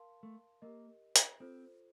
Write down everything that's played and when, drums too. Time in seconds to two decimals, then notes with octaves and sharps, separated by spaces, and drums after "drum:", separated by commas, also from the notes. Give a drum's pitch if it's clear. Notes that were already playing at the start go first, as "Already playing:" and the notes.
Already playing: A#4 F5 A5 C6
0.23 A3
0.62 A#3 G4 A#4 D#5
1.16 drum: hi-hat
1.40 C4 F4 A4 C5